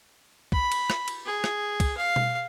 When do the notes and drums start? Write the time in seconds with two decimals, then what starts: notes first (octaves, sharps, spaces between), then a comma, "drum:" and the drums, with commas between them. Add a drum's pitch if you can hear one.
0.52 B5, drum: kick
0.72 drum: cymbal
0.90 drum: rim click
1.08 drum: cymbal
1.26 G#4
1.44 drum: rim click
1.80 drum: kick, cymbal
1.97 F5
2.16 drum: tom B2